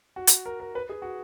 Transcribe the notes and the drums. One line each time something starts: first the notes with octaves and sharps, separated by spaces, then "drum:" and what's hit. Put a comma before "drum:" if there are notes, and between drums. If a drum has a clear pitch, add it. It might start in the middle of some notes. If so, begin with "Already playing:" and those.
F#4
drum: hi-hat
A#4
A#4
B4
G#4
F#4